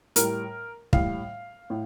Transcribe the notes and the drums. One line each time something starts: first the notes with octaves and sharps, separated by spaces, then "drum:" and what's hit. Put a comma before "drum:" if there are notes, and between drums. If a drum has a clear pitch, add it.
A2 G3 A#4, drum: hi-hat
A2 G3 F5, drum: kick
A2